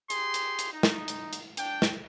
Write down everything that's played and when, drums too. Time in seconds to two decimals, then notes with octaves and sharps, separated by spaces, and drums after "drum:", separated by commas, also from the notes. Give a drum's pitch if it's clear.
0.10 G4 G#4 C6, drum: hi-hat
0.34 drum: hi-hat
0.59 drum: hi-hat
0.71 D#4
0.83 drum: snare
1.08 drum: hi-hat
1.33 drum: hi-hat
1.57 D4 G5, drum: hi-hat
1.82 drum: snare